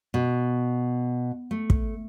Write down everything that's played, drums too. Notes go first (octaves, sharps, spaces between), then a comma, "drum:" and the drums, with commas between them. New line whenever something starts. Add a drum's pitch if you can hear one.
B2
A3
drum: kick